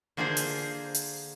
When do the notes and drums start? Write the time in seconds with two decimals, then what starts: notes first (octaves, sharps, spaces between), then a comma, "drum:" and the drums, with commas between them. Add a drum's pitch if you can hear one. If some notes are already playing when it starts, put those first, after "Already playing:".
0.17 D3 A#3 F4 G#4 A#4 C5
0.37 drum: hi-hat
0.94 drum: hi-hat